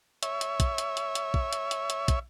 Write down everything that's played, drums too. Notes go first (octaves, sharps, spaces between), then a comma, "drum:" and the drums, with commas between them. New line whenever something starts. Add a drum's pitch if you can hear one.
C#5 E5, drum: hi-hat
drum: hi-hat
drum: kick, hi-hat
drum: hi-hat
drum: hi-hat
drum: hi-hat
drum: kick
drum: hi-hat
drum: hi-hat
drum: hi-hat
drum: kick, hi-hat